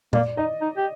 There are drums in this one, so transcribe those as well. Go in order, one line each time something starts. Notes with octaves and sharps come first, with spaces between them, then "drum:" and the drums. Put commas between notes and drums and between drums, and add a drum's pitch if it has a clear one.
A#3 D5, drum: tom A#2
D#4 D#5
D#4
G4